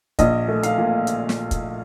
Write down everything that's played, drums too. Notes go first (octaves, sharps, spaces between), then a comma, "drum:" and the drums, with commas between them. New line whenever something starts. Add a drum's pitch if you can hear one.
A#1 D#5, drum: kick, hi-hat
A3
F5, drum: hi-hat
A#2
drum: hi-hat
drum: snare
drum: kick, hi-hat